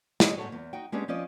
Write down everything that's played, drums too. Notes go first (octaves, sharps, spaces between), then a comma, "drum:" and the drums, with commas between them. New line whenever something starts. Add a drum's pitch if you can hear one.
G4 C#5 D#5, drum: snare
G#2 B2 F#4 A4 C#5
E2
D#4 F#4 G5
G#3 B3 C#4 D4 G4 G#4
F3 C#4 F4 D5 D#5